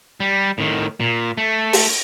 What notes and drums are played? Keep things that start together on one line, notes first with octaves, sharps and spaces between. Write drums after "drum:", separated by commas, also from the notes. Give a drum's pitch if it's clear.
G3
A2 D#3
A#2
A3
drum: open hi-hat